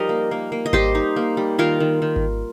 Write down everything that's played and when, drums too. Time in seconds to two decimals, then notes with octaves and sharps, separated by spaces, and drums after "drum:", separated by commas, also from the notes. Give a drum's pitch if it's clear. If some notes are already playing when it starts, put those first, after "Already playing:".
Already playing: F3 G3 D#4 G4 A#4 D#5
0.09 A#3
0.31 A#3
0.52 A#3
0.66 D#5
0.73 G3 G4 C5, drum: kick G#1
0.95 D#4
1.16 A#3
1.37 G3
1.58 D#3 F4 A#4
1.80 D#3
2.02 D#3
2.16 drum: kick G#1